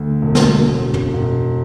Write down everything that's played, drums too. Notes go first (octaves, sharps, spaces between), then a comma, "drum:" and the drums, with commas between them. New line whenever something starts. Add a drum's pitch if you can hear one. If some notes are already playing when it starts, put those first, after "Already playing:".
Already playing: D2
E1
drum: snare
E1
drum: tom
E1